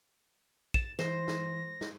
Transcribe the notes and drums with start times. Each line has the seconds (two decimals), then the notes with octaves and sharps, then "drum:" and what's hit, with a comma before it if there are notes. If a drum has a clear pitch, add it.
0.74 A6 E7, drum: kick
0.99 E3 C5 A#6, drum: snare
1.28 drum: snare
1.81 drum: snare